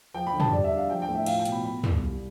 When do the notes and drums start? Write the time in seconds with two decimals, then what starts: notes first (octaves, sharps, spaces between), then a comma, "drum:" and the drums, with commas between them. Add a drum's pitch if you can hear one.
0.14 F3 G5
0.27 B5
0.33 D3
0.40 A5, drum: tom
0.52 G3 D5
0.64 E5
0.71 D4
0.77 F5
0.90 F3 G5
1.02 G5
1.08 A2
1.15 E5
1.26 F4 F5, drum: cymbal
1.39 G5
1.45 B2, drum: hi-hat
1.52 B5
1.64 B2 B5
1.84 C2, drum: tom
2.02 G3